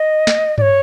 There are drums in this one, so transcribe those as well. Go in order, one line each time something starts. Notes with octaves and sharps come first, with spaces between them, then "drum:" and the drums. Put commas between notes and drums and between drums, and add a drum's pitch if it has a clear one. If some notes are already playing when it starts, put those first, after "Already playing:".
Already playing: D#5
drum: snare
D5, drum: tom G2
C#5